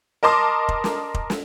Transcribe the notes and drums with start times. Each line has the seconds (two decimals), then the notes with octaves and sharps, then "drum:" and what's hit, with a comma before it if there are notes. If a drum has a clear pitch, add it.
0.23 A#4 D#5 A5 C6 D6 D#6
0.69 drum: kick
0.84 drum: snare
1.14 drum: kick
1.30 drum: snare